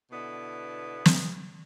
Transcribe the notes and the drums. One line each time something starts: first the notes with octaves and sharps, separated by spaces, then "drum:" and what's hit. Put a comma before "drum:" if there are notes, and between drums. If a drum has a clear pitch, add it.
B2 D3 B3 E4
drum: snare